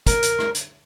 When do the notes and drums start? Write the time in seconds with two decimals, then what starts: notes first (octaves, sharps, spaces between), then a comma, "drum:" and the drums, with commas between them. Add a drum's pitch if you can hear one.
0.07 A#4, drum: kick, hi-hat
0.23 drum: hi-hat
0.39 drum: rim click
0.55 drum: hi-hat